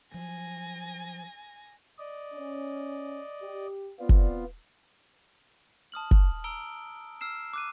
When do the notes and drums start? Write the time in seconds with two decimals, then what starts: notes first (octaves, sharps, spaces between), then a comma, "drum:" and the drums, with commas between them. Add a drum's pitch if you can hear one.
0.14 F3 F#3 G#5 A#6
1.99 D5 D#5
2.33 C#4
3.42 G4
4.00 B3 C4 F4 D5
4.09 drum: kick
5.92 A5 D#6 F6 F#7
6.11 drum: kick
6.44 A#5 E6 D7 G7
7.21 E6 F6 C7 E7
7.53 D6 F#6 D#7